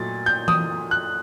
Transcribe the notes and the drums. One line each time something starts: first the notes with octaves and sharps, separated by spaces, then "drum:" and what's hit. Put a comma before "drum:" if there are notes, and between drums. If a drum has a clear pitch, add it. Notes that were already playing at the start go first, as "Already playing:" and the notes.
Already playing: A#2 F#3 A3 A6
G6
D#6, drum: tom E3
F#6